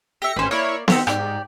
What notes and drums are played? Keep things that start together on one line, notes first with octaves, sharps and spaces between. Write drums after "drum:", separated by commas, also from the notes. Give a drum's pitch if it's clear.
G4 E5 A#6 C#7
A1 C#4 B4 C5
A#3 E4 C#5 D5
D#3 C4 G4 F#5, drum: snare
G#2 G4 D5, drum: rim click